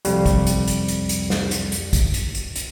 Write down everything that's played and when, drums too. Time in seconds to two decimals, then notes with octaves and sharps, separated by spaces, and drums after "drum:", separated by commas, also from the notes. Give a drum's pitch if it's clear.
0.05 C2 F2 G3, drum: hi-hat
0.26 drum: kick, hi-hat
0.47 drum: hi-hat
0.67 drum: hi-hat
0.88 drum: hi-hat
1.09 drum: hi-hat
1.30 drum: snare
1.51 drum: hi-hat
1.72 drum: hi-hat
1.93 drum: kick, hi-hat
2.14 drum: hi-hat
2.35 drum: hi-hat
2.56 drum: hi-hat